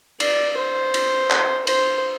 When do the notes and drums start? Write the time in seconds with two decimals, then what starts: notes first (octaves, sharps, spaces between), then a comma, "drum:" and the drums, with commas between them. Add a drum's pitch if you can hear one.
0.20 D5, drum: cymbal
0.57 C5
0.94 drum: cymbal
1.31 drum: clap
1.67 C5, drum: cymbal